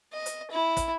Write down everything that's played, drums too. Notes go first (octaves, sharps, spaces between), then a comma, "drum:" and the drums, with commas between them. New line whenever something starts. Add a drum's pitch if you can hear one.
D#5
drum: hi-hat
E4
drum: kick, hi-hat